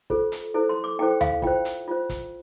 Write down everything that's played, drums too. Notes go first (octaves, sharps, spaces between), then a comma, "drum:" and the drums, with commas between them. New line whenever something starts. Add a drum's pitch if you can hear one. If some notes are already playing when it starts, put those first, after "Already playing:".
F4 A4 C5, drum: kick
drum: hi-hat
E4 A4 C5
C6
D6
E4 A4 C5 G5
F5, drum: tom D#2
F4 C5 G5, drum: kick
drum: hi-hat
F4 C5
drum: kick, hi-hat